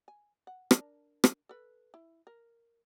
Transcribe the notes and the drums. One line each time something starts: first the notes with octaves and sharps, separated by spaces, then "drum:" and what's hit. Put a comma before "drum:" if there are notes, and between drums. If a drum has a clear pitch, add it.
G#5
F#5
D4 A#4 A5, drum: rim click
drum: rim click
A4 B4
E4
A#4